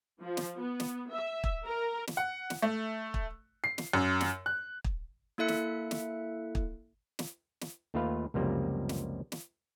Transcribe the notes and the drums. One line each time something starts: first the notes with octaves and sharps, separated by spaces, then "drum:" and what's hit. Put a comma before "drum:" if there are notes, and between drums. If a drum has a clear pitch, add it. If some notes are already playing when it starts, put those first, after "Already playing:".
F3
drum: snare
B3
drum: snare
E5
drum: kick
A#4
drum: snare
F#5
drum: snare
A3
drum: kick
C7
drum: snare
F#2
drum: snare
F#6
drum: kick
A#3 E4 A4 E5 F#6 C#7
drum: snare
drum: snare
drum: kick
drum: snare
drum: snare
D#2 A3 F4 B4 F5
C#2 F#2 C3 F3 G3 A#3
drum: snare
drum: snare